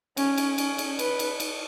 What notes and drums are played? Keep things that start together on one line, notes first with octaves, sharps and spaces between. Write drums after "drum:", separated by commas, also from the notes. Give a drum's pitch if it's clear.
C#4, drum: cymbal
drum: cymbal
C#4, drum: cymbal
drum: cymbal
B4, drum: cymbal
drum: cymbal
drum: cymbal